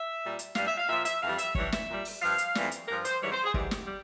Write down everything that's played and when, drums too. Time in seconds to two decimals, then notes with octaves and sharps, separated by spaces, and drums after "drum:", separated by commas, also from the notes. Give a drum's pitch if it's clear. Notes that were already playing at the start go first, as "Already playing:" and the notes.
Already playing: E5
0.23 A#2 G3
0.39 drum: hi-hat
0.55 G2 G3 F5, drum: snare
0.67 E5
0.78 F5
0.88 A#2 F3 E5
1.05 E5, drum: hi-hat
1.21 F2 E3 G3 F5
1.38 E5, drum: hi-hat
1.55 G2 E3 G3 C#5, drum: kick
1.72 E5, drum: snare
1.89 A#2 G3
2.05 drum: open hi-hat
2.21 G2 F3 F5
2.38 drum: hi-hat
2.55 F2 E3 G3, drum: snare
2.71 drum: hi-hat
2.88 G2 F3 A#4
3.05 C5, drum: hi-hat
3.22 G#2 E3 G3 C#5
3.32 C5
3.43 G#4
3.54 G#2 E3 G3 G4, drum: kick
3.71 drum: snare
3.87 G3